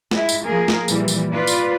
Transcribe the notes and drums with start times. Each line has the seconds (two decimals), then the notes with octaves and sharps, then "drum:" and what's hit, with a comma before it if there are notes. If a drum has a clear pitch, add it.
0.11 G#3 E4, drum: snare
0.29 drum: tambourine
0.44 F3 A#3 G#4 A#4
0.68 drum: snare
0.88 A#2 E3 G3, drum: tambourine
1.08 drum: tambourine
1.32 F4 B4 D5
1.47 drum: tambourine